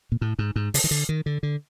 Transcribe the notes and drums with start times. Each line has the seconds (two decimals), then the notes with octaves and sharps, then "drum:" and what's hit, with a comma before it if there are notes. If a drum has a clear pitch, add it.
0.12 A#2
0.21 A2
0.39 G#2
0.56 G#2
0.74 C#3, drum: open hi-hat
0.84 D#3
0.91 D3
1.09 D#3
1.26 D3
1.43 D3